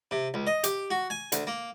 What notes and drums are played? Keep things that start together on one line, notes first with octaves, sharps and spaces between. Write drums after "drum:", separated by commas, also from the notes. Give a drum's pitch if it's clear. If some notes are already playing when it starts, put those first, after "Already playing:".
C3
C#2
D#5
G4, drum: hi-hat
F#4
G#5
D2, drum: hi-hat
A#3